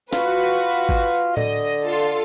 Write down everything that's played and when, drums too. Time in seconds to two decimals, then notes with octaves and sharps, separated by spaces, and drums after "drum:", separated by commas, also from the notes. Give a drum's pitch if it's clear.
0.13 F4 F#4 B4, drum: snare
0.89 drum: kick G#1
1.37 D3 D#5, drum: tom A2
1.85 F4 A4